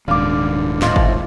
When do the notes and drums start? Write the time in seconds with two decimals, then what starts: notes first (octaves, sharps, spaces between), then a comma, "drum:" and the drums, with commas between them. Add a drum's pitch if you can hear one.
0.08 D#1 G#2 D#3 D4 D5 F5 D6
0.82 A2 F4 C5 D#5, drum: snare
0.96 drum: kick G1